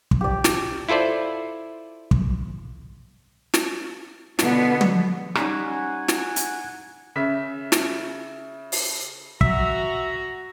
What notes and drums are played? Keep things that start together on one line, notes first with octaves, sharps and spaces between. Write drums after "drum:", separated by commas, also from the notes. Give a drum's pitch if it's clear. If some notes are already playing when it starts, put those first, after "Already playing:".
drum: kick
G4 D5
drum: snare
E4 F4 A4 C5 D5
drum: kick
drum: snare
B2 D3 B3, drum: snare
drum: tom
G3 C#4 D#4 F#5 G#5 A#5 C6 C#6, drum: rim click
drum: snare
drum: hi-hat
C#3 E5 B6
drum: snare
drum: open hi-hat
F#4 E5 A#5, drum: kick